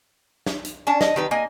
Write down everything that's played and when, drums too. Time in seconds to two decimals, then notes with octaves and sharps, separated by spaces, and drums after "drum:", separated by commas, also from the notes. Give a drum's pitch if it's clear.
0.46 drum: snare
0.65 drum: hi-hat
0.87 C#4 D4 A5
1.01 D#5, drum: snare
1.16 D#3 G4 B4
1.31 A#3 D#5 G#5